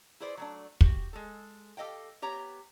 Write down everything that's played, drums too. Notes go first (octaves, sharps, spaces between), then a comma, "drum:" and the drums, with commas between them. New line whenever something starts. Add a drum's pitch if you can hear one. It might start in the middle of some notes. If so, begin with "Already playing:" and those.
E4 G#4 B4 C5 D5
F#3 A3 D4
F#4 G4, drum: kick
G#3 A4
G4 A4 D#5 F5 G5
B3 G4 C#5 A#5